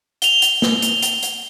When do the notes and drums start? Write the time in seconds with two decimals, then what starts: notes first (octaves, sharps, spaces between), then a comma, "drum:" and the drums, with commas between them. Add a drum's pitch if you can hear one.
0.22 F7 G7, drum: hi-hat
0.42 drum: hi-hat
0.62 drum: snare
0.82 drum: hi-hat
1.02 drum: hi-hat
1.23 drum: hi-hat